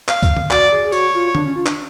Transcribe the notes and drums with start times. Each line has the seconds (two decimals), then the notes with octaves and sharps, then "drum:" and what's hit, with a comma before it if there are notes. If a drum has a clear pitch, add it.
0.08 F5, drum: clap
0.22 drum: kick C#2, tambourine
0.37 drum: tom D3
0.51 F#4 D5, drum: clap
0.72 G#4
0.85 G#4
0.92 F#4 C#5, drum: tambourine
1.14 F4
1.35 D4, drum: tom D3
1.45 C#4
1.56 F4
1.66 D4, drum: clap